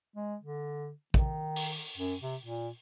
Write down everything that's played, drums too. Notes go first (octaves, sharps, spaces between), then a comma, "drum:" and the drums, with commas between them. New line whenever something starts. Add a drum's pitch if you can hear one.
G#3
D3
D#3, drum: kick
drum: open hi-hat
F#2
C3
A#2